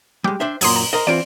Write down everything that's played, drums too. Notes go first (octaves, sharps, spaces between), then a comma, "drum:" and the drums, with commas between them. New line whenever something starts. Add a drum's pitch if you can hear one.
G3 G#3 G5 D6
D4 C5 E5
F#2 A#2 C6 D#6 G#6, drum: open hi-hat
A#5
A#4 C5 D#5
E3 C4 F4 D5 D7